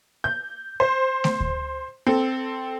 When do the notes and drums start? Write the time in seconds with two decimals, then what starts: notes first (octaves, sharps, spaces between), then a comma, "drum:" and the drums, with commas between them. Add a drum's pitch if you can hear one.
0.24 G6
0.80 C5
1.24 drum: snare A3
1.40 drum: kick D2
2.07 C4 A4